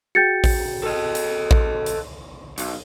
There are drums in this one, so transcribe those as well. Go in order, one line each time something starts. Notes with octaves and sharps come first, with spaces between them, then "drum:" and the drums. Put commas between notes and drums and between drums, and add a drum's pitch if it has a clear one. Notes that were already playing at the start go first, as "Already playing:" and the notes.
F#4 G#4 G5 G6 A6 C#7
drum: kick A1, open hi-hat
A4 D#5
drum: hi-hat
drum: kick A1
drum: hi-hat
B1, drum: hi-hat